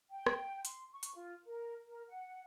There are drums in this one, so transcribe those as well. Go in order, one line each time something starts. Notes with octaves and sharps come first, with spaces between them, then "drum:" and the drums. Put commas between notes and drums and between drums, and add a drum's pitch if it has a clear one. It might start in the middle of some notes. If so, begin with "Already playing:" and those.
G5
drum: rim click
C6, drum: hi-hat
C#6
drum: hi-hat
F4
A#4
A#4
F#5